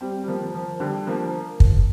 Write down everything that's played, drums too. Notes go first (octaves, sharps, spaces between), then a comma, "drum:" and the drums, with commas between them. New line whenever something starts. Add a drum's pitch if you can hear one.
G3 C4
G3
F3 A#3
F3
D3 G3
F3 A#3
drum: kick